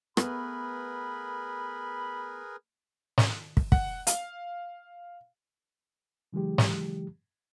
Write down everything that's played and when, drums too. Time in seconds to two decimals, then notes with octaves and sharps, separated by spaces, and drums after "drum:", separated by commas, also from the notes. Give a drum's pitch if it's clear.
0.17 A3 B3 G#4 A#4 B4 B5, drum: rim click
3.18 drum: snare
3.57 drum: kick
3.72 F#5, drum: kick
4.07 F5, drum: hi-hat
6.33 C#3 E3 F#3 G#3 G4
6.58 drum: snare